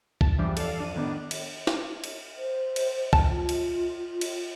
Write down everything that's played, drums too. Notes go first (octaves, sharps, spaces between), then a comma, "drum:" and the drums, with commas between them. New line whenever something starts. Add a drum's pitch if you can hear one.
A5, drum: kick
E2 G2 E3 F3 G3 D4
A4 D5 F5, drum: cymbal
F2 D4 D#7
A2 D#3 B3 D4
drum: cymbal
drum: snare
drum: cymbal
C5
drum: cymbal
A5, drum: kick
F4
drum: cymbal
drum: cymbal